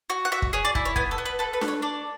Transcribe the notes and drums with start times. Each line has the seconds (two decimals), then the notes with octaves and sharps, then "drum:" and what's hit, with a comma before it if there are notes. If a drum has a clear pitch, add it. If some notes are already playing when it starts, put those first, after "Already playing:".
0.10 F#4
0.25 F#5
0.32 F#4 E5
0.42 drum: kick
0.53 G#4 C#5
0.65 D5
0.75 E4, drum: kick
0.85 C#5
0.96 B3 G#5, drum: kick
1.11 A4
1.18 B3
1.25 B4
1.39 A4 B4
1.53 B4
1.61 D4, drum: snare D4
1.68 C#5
1.82 D4 D5